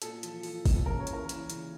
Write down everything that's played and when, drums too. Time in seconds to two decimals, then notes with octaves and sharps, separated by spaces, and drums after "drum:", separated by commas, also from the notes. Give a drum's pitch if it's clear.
0.02 A#2 A4, drum: hi-hat
0.23 F3, drum: hi-hat
0.43 F3, drum: open hi-hat
0.66 A#2, drum: kick, open hi-hat
0.86 C#3 A#4
1.00 C#5
1.07 E3, drum: hi-hat
1.13 A#4
1.29 E3, drum: hi-hat
1.50 C#3, drum: hi-hat